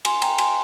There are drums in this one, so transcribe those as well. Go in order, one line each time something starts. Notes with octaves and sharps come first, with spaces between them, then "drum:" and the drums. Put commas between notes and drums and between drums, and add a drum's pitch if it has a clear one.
G#5 C6, drum: cymbal
G5 A#5, drum: cymbal
G#5 C6, drum: cymbal